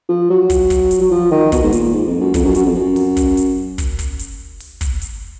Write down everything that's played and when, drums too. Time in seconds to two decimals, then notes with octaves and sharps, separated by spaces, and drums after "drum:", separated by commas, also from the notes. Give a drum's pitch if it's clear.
0.09 F3
0.30 F#3
0.50 drum: kick, hi-hat
0.70 drum: kick, hi-hat
0.91 drum: hi-hat
1.01 F#3
1.11 F3
1.31 D#3
1.52 B2, drum: kick, hi-hat
1.63 G#2
1.72 A#2, drum: hi-hat
1.94 G#2
2.07 F2
2.20 F#2
2.34 F2, drum: kick, hi-hat
2.45 F#2
2.55 F#2, drum: hi-hat
2.65 F2
2.75 F#2
2.96 drum: open hi-hat
3.17 drum: kick, hi-hat
3.37 drum: hi-hat
3.78 drum: kick, hi-hat
3.99 drum: kick, hi-hat
4.19 drum: hi-hat
4.60 drum: open hi-hat
4.81 drum: kick, hi-hat
5.01 drum: hi-hat